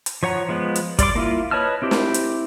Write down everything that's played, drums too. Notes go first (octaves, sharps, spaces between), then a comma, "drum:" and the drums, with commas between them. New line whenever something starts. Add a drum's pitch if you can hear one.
drum: hi-hat
F3 C#5 F#5 A#5
F3 G#3 B3
drum: hi-hat
G3 D5 C6 D6, drum: kick, hi-hat
A#3 E4 F4
B4 C#5 D#5 A5 F6
C4 E4 G4
drum: snare
drum: hi-hat